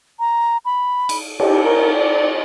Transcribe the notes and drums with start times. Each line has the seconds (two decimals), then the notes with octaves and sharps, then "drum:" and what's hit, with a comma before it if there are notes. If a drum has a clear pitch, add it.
0.19 A#5
0.65 B5
1.09 drum: cymbal
1.40 G4, drum: cymbal
1.64 A#4
1.95 D5